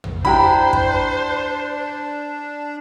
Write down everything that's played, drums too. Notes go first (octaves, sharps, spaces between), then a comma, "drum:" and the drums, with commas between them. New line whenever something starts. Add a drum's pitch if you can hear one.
drum: tom
D4 E4 G4 C5 A#5 B5, drum: kick
drum: kick